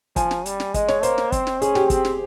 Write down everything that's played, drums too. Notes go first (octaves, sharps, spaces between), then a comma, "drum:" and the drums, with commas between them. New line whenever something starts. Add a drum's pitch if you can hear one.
F3 G#5, drum: kick, hi-hat
drum: snare
G3, drum: hi-hat
drum: snare
G#3 D#5, drum: kick, hi-hat
C#5, drum: snare
A#3 C5, drum: hi-hat
drum: snare
C4, drum: kick, hi-hat
drum: snare
C#4 G#4, drum: hi-hat
G4, drum: snare
C4, drum: kick, hi-hat
drum: snare